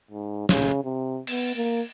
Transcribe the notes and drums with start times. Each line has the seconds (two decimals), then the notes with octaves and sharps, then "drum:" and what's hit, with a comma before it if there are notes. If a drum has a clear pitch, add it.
0.11 G#2
0.49 C#3, drum: snare
0.84 C3
1.27 B3, drum: cymbal
1.56 A#3